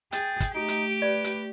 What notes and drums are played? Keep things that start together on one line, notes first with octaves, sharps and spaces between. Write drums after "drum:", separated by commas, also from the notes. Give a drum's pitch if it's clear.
G#4 G5 A6, drum: hi-hat
drum: kick, hi-hat
A3 D#4 G4 D7
drum: hi-hat
B4 D5
drum: hi-hat